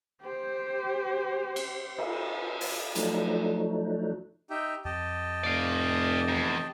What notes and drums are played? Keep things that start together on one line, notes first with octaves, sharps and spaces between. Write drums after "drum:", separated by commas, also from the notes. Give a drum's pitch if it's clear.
G4 C5
drum: cymbal
drum: cymbal
drum: open hi-hat
F3 F#3 A3 D4 D#4, drum: hi-hat
D#4 G4 E5
F2 G4 D#5 A5
F1 D5 F5
E2 G#2